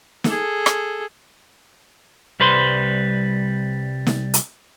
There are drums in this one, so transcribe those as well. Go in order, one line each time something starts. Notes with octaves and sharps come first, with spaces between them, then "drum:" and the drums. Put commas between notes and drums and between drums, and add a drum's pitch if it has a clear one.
G#4 A4, drum: snare
drum: rim click
C2 G3 B4 C5 C6
drum: snare
drum: hi-hat